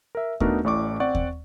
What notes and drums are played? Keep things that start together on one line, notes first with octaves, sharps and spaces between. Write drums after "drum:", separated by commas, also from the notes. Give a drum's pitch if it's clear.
A#4 E5
A3 B3 D4 D#4 F#4 A#4, drum: kick D#2
A1 A2 D5 C#6 D6
C4 D5 F#5 C#6
drum: kick D#2